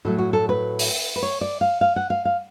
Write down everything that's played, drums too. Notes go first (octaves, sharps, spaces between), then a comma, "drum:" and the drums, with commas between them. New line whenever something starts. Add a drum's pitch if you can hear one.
A2 F#3 A3 A4
F#4
A4
B4
drum: open hi-hat
B4
C#5
D5
F5
F5
F#5
F5
F5